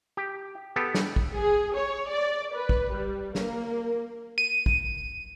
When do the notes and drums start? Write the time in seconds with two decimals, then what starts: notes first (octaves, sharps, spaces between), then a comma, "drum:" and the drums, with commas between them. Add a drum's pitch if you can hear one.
0.17 G4
0.76 B3 G4 A4
0.95 drum: snare
1.16 drum: kick
1.34 G#4
1.75 C#5
2.10 D5
2.53 B4
2.69 drum: kick
2.93 G3
3.35 A#3, drum: snare
4.38 D#7
4.66 drum: kick